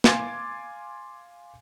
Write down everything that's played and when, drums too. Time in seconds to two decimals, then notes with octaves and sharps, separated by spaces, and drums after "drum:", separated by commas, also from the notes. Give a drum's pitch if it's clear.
0.04 F5 G#5 C6 D6 G#6 A6, drum: snare